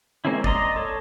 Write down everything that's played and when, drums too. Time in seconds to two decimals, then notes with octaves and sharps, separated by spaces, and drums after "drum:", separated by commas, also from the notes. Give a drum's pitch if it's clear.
0.25 G#3 A#3 C4 C#4 E4
0.44 D5 D#5 A#5 C6, drum: kick G#1
0.76 A4 C#5